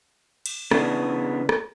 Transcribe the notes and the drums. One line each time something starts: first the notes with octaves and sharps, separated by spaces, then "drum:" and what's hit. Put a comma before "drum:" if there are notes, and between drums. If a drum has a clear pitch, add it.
drum: cymbal
C#3 E3 B3 D4, drum: rim click
drum: rim click